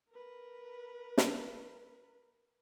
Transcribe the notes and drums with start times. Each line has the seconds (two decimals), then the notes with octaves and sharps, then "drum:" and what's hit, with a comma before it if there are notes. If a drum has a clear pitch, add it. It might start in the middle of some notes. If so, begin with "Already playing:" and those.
0.10 A#4 B4
1.18 drum: snare